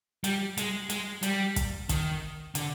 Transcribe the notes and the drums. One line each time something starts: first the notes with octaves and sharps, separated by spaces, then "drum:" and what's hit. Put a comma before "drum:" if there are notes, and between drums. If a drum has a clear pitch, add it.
G3, drum: hi-hat
G#3, drum: hi-hat
G#3, drum: hi-hat
G3, drum: hi-hat
drum: kick, hi-hat
D#3, drum: kick, hi-hat
D3, drum: hi-hat